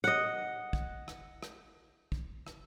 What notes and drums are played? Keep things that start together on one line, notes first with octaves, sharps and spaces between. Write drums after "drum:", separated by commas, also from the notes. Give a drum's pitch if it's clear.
D#5 F#5, drum: rim click
drum: kick
drum: rim click
drum: rim click
drum: kick
drum: rim click